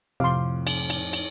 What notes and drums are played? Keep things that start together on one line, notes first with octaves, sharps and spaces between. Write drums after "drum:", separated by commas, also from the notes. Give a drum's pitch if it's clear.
F2 A2 C3 F5 C6 D6
drum: cymbal
drum: cymbal
drum: cymbal